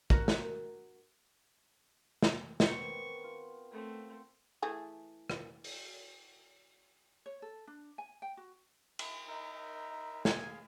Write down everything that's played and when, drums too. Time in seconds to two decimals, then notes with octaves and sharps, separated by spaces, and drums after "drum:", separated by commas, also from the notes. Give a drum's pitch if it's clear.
0.10 F#4 A#4, drum: kick
0.28 drum: snare
2.22 drum: snare
2.60 D#3 B3 C4 C#6, drum: snare
3.24 F4
3.71 A3 C4
4.62 E3 A3 G#4
5.30 drum: rim click
5.64 drum: open hi-hat
7.26 C#5
7.42 A4
7.67 D4
7.98 G#5
8.22 G5
8.37 F#4
8.99 drum: cymbal
9.28 D#4 A#4 E5
10.25 G#4 F5 G#5, drum: snare